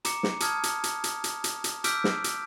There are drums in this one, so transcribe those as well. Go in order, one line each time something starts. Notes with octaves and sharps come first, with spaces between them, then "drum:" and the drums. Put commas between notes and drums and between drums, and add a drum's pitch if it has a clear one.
A#5 D6 C#7, drum: hi-hat
drum: snare
A5 D#6 F6 G#6, drum: hi-hat
drum: hi-hat
drum: hi-hat
drum: hi-hat
drum: hi-hat
drum: hi-hat
drum: hi-hat
D6 E6 F6 G6 B6 D7, drum: hi-hat
drum: snare
drum: hi-hat